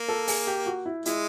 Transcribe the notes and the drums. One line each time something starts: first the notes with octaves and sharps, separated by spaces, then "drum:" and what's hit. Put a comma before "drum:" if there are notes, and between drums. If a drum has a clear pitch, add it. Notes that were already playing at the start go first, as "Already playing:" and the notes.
Already playing: A#3
A4
G#4, drum: open hi-hat
G4
F#4
E4
G#3 E4, drum: hi-hat